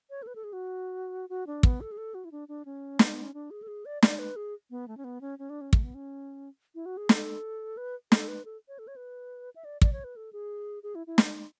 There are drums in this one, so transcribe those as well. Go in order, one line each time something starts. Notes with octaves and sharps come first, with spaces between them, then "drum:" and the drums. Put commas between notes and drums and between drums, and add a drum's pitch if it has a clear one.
C#5
A4
B4
A4
G#4
F#4
F#4
D4
B3, drum: kick
A4
G#4
A4
F#4
E4
D4
D4
C#4
B3, drum: snare
B3
C#4
D4
G#4
A4
G#4
D5
D5, drum: snare
B4
G#4
B3
A3
C#4
B3
C#4
C#4
D4
C#4
A3, drum: kick
B3
C#4
E4
F#4
G#4
A4, drum: snare
B4
A4, drum: snare
B4
A4
C#5
A4
C#5
B4
E5
D5
D5, drum: kick
C#5
B4
A4
G#4
G#4
E4
E4
drum: snare